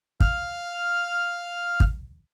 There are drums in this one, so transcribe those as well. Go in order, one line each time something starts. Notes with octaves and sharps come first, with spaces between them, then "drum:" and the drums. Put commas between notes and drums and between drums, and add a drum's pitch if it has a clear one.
F5 F6, drum: kick
drum: kick